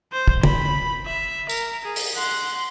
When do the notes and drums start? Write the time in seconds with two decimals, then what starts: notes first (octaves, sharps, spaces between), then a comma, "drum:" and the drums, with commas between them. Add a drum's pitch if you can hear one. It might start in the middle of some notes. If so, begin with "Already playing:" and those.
0.13 C5
0.28 drum: kick
0.43 B5, drum: tom
1.06 E5
1.49 A#4, drum: tambourine
1.84 G#4
1.96 drum: open hi-hat
2.16 F#5 C6